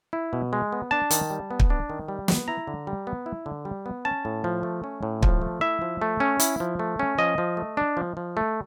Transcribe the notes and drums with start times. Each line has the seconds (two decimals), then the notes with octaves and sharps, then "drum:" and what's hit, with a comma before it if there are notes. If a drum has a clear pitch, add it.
0.13 E4
0.33 B2
0.53 G#3
0.72 B3
0.91 D4 A5
1.11 D#3, drum: hi-hat
1.30 G3
1.51 B3
1.60 drum: kick
1.70 D4
1.90 D#3
2.08 G3
2.28 B3, drum: snare
2.48 E4 A#5
2.67 D3
2.87 G3
3.07 B3
3.26 E4
3.46 D3
3.65 G3
3.86 B3
4.05 C#4 A5
4.25 A2
4.44 F3
4.63 A3
4.84 C#4
5.03 A2
5.23 F3, drum: kick
5.42 A3
5.61 E4 E5
5.82 F3
6.02 A3
6.20 C#4
6.40 E4, drum: hi-hat
6.60 F3
6.79 A3
6.99 C#4
7.18 F3 D#5
7.38 F3
7.57 A3
7.77 D4
7.97 F3
8.17 F3
8.37 A3